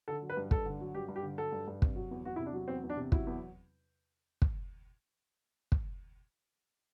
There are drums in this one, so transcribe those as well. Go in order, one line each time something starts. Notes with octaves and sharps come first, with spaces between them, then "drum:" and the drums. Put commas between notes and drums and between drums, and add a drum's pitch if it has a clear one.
D3 A4
F#3
B4
G2
G2 A4, drum: kick
D3
F#3
G2 G4
G2
G4
D3
F#3 A4
G2
G2
C3, drum: kick
F#3
E2
E2 F#4
E4
C3
D4
F#3
E2 C4
E2
D4
C3
F#3 E4, drum: kick
E2
drum: kick
drum: kick